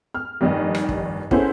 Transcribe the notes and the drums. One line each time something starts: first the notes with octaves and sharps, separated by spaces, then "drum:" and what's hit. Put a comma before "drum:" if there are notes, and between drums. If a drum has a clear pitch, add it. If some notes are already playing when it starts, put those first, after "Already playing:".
F6
F1 G2 D#3 D#4 D#5
drum: rim click
drum: kick
B3 C#4 E4 G#4 A4 C5, drum: kick